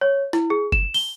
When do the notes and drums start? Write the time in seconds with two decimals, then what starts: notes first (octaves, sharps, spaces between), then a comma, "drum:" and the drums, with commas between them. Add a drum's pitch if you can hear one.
0.01 C#5
0.33 E4, drum: snare
0.50 G#4
0.72 E7, drum: kick F#1
0.94 G7, drum: open hi-hat